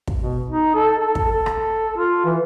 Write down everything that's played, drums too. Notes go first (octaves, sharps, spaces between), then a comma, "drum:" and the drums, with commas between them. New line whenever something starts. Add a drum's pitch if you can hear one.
drum: kick
B2
D#4
A4
A4
drum: kick
A4
drum: rim click
F4
E3